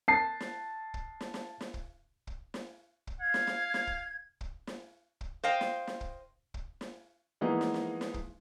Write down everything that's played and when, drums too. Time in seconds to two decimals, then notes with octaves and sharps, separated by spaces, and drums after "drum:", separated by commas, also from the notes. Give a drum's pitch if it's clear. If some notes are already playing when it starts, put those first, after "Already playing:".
0.08 A5 C7
0.40 drum: snare
0.94 drum: kick
1.21 drum: snare
1.34 drum: snare
1.61 drum: snare
1.74 drum: kick
2.27 drum: kick
2.54 drum: snare
3.07 drum: kick
3.21 F5 G#6
3.34 drum: snare
3.47 drum: snare
3.74 drum: snare
3.87 drum: kick
4.41 drum: kick
4.67 drum: snare
5.21 drum: kick
5.44 C5 D#5 F5 G5
5.61 drum: snare
5.87 drum: snare
6.01 drum: kick
6.54 drum: kick
6.81 drum: snare
7.41 E3 F3 G#3 A#3 B3 D#4
7.61 drum: snare
7.74 drum: snare
8.01 drum: snare
8.14 drum: kick